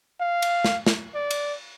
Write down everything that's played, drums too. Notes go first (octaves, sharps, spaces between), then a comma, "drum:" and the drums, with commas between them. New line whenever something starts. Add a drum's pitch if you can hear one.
F5
drum: cymbal
drum: snare
drum: snare
D5
drum: cymbal